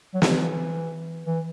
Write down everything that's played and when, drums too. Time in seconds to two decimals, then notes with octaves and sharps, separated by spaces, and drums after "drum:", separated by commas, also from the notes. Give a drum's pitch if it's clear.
0.14 F#3
0.22 E3, drum: snare
1.27 E3